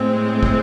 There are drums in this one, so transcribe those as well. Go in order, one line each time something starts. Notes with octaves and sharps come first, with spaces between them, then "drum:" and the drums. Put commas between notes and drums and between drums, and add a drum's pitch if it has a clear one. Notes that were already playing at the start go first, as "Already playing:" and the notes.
Already playing: A2 G#3 C4
drum: kick